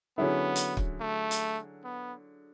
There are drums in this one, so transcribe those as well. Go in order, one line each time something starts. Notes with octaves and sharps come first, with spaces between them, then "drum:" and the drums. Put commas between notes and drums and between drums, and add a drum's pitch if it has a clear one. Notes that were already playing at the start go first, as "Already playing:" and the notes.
D3 F#3 B3 C#4 E4 G#4
drum: hi-hat
drum: kick
A3
drum: hi-hat
B3